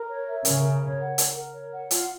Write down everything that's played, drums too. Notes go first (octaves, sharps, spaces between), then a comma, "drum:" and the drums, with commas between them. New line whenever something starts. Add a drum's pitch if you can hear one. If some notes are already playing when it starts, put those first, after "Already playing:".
Already playing: A#4
C#5
E5
C#3 A#4, drum: hi-hat
A#4
C#5
F#5
A#4, drum: hi-hat
A#4
C#5
F#5
F4, drum: hi-hat